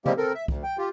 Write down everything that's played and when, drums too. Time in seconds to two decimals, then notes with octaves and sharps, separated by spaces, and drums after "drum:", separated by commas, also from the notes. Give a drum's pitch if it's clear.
0.06 F3 G3 G#3 A#3 C4 G4, drum: tom
0.17 C4 A4 A#4
0.35 E5
0.48 D2, drum: kick C2
0.63 G5
0.78 F4 G4